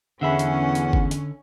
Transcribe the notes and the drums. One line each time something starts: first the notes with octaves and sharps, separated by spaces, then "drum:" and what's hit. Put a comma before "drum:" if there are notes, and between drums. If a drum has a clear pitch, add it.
E2 D3 C#4 E5 F#5 B5
drum: hi-hat
drum: hi-hat
drum: kick
drum: hi-hat